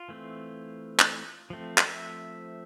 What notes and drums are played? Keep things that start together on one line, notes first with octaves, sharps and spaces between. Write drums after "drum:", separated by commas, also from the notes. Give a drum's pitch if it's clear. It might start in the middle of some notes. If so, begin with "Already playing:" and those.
Already playing: F4
E3 A3 C4
drum: clap
F3 A3 C4
D5, drum: clap
E5